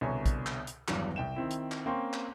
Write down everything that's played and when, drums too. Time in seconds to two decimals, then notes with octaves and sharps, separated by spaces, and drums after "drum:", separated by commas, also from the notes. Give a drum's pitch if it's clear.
0.01 C2 B2 D3 C#5 G#5 A#5
0.26 drum: kick, hi-hat
0.46 drum: clap
0.67 drum: hi-hat
0.88 G#1 E2 G2 F#3, drum: clap
1.16 C2 G5 E7
1.36 D#3 C4 E4
1.51 drum: hi-hat
1.72 drum: clap
1.86 A#3 C4 C#4 G5 C6 C#6
2.13 drum: clap